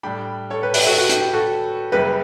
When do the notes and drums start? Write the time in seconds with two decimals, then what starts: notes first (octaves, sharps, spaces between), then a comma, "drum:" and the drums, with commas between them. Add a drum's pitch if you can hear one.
0.03 A2 G3 D4 G5 B5
0.50 A4 C#5
0.62 G4 B4
0.74 G4 B4, drum: open hi-hat
0.86 F#4 A4
0.98 F#4
1.09 G4, drum: hi-hat
1.21 G4
1.33 F#4 A4
1.92 F#1 F#2 C#3 G3 G4 B4